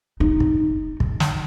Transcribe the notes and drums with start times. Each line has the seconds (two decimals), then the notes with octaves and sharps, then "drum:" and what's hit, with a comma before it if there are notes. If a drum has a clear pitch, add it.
0.20 D#4
0.40 drum: kick
1.00 drum: kick
1.20 drum: snare